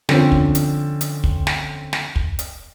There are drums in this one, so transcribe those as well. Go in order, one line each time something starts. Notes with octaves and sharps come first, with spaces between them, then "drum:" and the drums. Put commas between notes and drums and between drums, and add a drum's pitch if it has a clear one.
D3 F3 C4 C#4 C5, drum: snare
drum: kick
drum: hi-hat
drum: hi-hat
drum: kick
drum: snare
drum: snare
drum: kick
drum: hi-hat